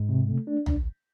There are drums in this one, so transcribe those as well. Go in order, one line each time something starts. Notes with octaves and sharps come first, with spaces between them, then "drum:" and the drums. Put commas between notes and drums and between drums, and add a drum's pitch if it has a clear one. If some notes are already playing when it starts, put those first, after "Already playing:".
Already playing: G#2
C3
A3
D4
drum: tom